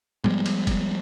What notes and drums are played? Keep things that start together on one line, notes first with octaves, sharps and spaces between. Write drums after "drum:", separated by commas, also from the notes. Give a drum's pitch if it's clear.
F3 G3 G#3 B3, drum: tom G#2
drum: cymbal
drum: kick, cymbal